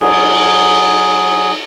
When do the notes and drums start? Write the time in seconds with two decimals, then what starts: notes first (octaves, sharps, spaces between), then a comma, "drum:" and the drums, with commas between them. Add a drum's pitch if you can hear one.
0.01 F#3 G#4, drum: cymbal